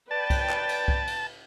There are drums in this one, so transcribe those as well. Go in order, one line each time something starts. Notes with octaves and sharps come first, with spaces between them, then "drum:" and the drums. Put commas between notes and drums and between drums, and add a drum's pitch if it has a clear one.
B4 D5 G5 A5
drum: kick C2, cymbal
drum: clap
drum: cymbal
drum: kick C2
drum: cymbal